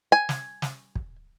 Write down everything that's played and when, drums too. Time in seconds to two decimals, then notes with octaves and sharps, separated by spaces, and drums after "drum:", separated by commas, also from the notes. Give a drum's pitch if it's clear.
0.12 G#5
0.29 drum: snare
0.62 drum: snare
0.95 drum: kick